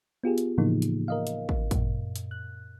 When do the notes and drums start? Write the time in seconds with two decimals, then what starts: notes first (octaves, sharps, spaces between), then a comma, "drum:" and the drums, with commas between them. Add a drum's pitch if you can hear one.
0.23 B3 F4 G4 G#4
0.38 drum: hi-hat
0.58 A2 C#3 E3 F3 A#3 D#4
0.82 drum: hi-hat
1.08 A#4 D#5 F5
1.27 drum: hi-hat
1.49 drum: kick
1.71 F#2 A#2, drum: kick, hi-hat
2.16 drum: hi-hat
2.31 F#6